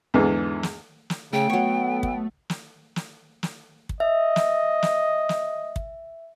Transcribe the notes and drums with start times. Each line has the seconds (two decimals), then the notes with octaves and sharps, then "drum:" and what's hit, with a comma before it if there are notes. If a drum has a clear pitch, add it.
0.14 E2 G#2 D3 E3
0.63 drum: snare
1.10 drum: snare
1.33 C#3 A3 G5
1.50 F#3 B3 C#5
2.03 drum: kick
2.50 drum: snare
2.96 drum: snare
3.43 drum: snare
3.89 drum: kick
4.00 D#5 E5
4.36 drum: snare
4.83 drum: snare
5.29 drum: snare
5.76 drum: kick